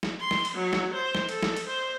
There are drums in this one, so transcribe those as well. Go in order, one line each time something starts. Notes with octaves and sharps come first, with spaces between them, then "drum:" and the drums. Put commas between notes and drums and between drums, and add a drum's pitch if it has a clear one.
drum: snare
C6
drum: snare
drum: cymbal
F#3
drum: snare
C5
drum: snare
A4, drum: cymbal
drum: snare
drum: cymbal
C5